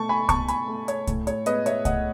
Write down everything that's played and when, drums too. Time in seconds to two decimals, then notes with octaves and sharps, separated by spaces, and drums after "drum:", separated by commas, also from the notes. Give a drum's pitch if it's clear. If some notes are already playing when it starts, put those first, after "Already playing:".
Already playing: B2 A3 A5 C#6
0.09 G#5 B5
0.29 B2 A5 C#6, drum: kick C2, hi-hat
0.48 G#5 B5, drum: hi-hat
0.68 A3
0.88 C#5, drum: hi-hat
1.07 A2, drum: kick C2, hi-hat
1.27 C#5, drum: hi-hat
1.46 G#3 B3 B4 D#5, drum: hi-hat
1.66 C#5 E5, drum: hi-hat
1.85 A2 D#5 F#5, drum: kick C2, hi-hat